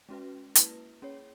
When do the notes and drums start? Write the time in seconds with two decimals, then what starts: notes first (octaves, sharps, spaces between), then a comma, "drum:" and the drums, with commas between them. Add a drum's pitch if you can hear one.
0.09 G#3 C#4 F#4 B4
0.55 A#3 E4 B4, drum: hi-hat
1.02 C#4 G#4 C#5